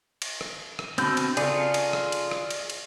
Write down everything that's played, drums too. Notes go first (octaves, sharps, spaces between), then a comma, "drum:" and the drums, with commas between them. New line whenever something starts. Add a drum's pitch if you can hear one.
drum: cymbal
drum: rim click
drum: rim click
B2 D3 C4 E6 G6, drum: cymbal
drum: cymbal
C#3 F4 G#4 A4 D5, drum: cymbal
drum: cymbal
drum: rim click
drum: cymbal
drum: rim click
drum: cymbal
drum: cymbal